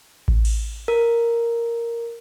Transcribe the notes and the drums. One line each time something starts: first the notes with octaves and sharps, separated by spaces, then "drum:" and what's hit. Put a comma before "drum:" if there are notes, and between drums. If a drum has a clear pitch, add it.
drum: kick A1
drum: cymbal
A#4